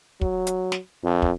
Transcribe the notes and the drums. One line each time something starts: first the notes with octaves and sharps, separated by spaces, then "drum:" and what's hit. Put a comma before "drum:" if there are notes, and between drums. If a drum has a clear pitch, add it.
F#3, drum: kick
drum: hi-hat
drum: snare
F2
drum: kick